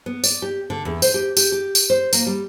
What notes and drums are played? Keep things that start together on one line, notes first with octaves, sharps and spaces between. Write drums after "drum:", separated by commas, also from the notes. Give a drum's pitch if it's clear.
B3
D5, drum: tambourine
G4
D3
E2
C5, drum: tambourine
G4
G4, drum: tambourine
G4
drum: tambourine
C5
A#3, drum: tambourine
G3